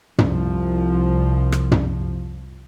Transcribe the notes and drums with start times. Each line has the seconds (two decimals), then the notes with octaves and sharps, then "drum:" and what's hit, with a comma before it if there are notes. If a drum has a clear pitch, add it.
0.18 C2 F3, drum: tom
1.52 drum: rim click
1.71 drum: tom